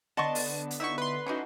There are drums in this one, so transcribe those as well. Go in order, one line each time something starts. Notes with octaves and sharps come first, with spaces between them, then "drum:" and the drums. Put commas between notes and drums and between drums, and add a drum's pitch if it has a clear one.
D3 B3 D4 D#5 F#5 A5 C6 C#6
drum: open hi-hat
drum: hi-hat
D#4 E4 F#4 E5 C#6
B4 C6
D3 E3 C#4 D#4 F#4